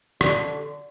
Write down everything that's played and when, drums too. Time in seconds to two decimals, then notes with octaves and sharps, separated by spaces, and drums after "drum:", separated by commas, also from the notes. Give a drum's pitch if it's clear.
0.21 D3, drum: rim click